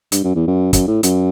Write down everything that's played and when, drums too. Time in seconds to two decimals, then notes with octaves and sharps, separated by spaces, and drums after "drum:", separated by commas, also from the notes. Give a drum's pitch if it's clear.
0.12 G2, drum: hi-hat
0.24 F#2
0.35 E2
0.47 F#2
0.73 F#2, drum: kick, hi-hat
0.87 A2
1.03 F#2, drum: hi-hat